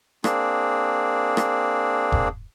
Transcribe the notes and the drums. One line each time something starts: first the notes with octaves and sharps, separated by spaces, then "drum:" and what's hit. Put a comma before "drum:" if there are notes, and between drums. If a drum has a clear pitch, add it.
A#3 C4 D4 G#4, drum: rim click
drum: rim click
drum: kick E1